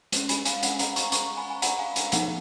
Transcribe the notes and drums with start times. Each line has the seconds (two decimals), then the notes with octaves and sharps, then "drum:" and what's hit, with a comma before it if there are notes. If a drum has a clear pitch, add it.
0.12 G#3 C#4, drum: hi-hat
0.29 G#5 B5, drum: hi-hat
0.45 F5 G#5, drum: hi-hat
0.63 F#5, drum: hi-hat
0.79 F#5 A#5, drum: hi-hat
0.96 A#5 C#6, drum: hi-hat
1.12 A#5 C#6, drum: hi-hat
1.37 G#5 B5
1.50 G#5
1.62 F#5 A#5, drum: hi-hat
1.79 F5 G#5
1.96 drum: hi-hat
2.12 F3 B3 D#4 F#5, drum: hi-hat